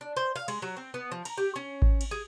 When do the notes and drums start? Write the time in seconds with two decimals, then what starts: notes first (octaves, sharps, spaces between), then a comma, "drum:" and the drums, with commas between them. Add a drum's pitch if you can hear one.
0.01 D4
0.17 C5
0.36 F5
0.48 G#3, drum: cymbal
0.62 F#3
0.77 C4
0.94 B3
1.11 F3
1.25 A#5, drum: cymbal
1.37 G4
1.56 C#4
1.82 drum: kick G#1
2.01 drum: cymbal
2.11 G#4